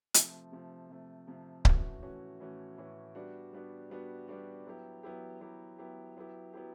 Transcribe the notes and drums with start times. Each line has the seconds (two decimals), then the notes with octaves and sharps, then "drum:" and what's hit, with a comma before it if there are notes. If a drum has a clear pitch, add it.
0.14 C3 F3 A3, drum: hi-hat
0.52 C3 F3 A3
0.89 C3 F3 A3
1.27 C3 F3 A3
1.65 A2 E3 A3 C#4 F#4, drum: kick C#1
2.02 A2 E3 A3 C#4 F#4
2.40 A2 E3 A3 C#4 F#4
2.77 A2 E3 A3 C#4 F#4
3.15 G3 B3 D4 F#4
3.53 G3 B3 D4 F#4
3.90 G3 B3 D4 F#4
4.28 G3 B3 D4 F#4
4.66 F#3 B3 E4 G4
5.03 F#3 B3 E4 G4
5.41 F#3 B3 E4 G4
5.78 F#3 B3 E4 G4
6.17 F#3 B3 E4 G4
6.53 F#3 B3 E4 G4